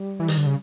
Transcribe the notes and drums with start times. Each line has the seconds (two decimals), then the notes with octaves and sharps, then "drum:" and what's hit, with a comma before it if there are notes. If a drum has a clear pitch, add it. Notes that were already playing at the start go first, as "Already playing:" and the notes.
Already playing: G3
0.20 E3
0.28 D#3, drum: hi-hat
0.38 D3
0.46 C#3